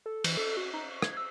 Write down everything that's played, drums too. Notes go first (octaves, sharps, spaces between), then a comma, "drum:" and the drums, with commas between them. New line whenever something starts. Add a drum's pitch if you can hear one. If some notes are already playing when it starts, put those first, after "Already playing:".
A4
E3, drum: cymbal
A4
F#4
D#4
C#6
G#6, drum: rim click
E6